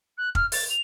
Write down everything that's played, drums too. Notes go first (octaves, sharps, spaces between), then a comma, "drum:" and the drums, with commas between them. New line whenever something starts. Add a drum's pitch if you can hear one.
F#6
F6, drum: kick
A6, drum: open hi-hat
F7